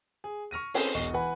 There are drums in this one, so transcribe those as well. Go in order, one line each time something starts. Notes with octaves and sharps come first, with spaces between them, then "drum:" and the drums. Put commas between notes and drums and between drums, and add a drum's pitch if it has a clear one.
G#4
C#6 F6 A#6 D#7
C4 C#4 G#4 A4 B4 C5, drum: open hi-hat
E1 B1 E2 D#5 C#6
E3 B4 F#5 G#5 B5